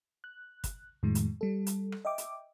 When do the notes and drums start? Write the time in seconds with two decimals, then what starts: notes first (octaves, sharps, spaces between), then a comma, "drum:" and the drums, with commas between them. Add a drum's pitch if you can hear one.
0.24 F#6
0.64 drum: kick, hi-hat
1.03 F2 A2 D#3 F3 G#3
1.15 drum: hi-hat
1.41 G3 A4
1.67 drum: hi-hat
1.92 drum: rim click
2.05 D#5 E5 G5 D6
2.18 drum: hi-hat